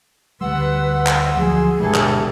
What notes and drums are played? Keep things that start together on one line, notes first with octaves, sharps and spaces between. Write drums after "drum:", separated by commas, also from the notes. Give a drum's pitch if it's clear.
D2 G3 B4 F#5 C6 E6
drum: clap
D2 F3 F#3 G#4
G1 G2 B2 E3 G3 G#3 A4
drum: clap